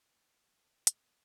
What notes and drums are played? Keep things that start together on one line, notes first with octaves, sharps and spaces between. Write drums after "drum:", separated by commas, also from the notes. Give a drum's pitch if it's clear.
D#4
A#4, drum: hi-hat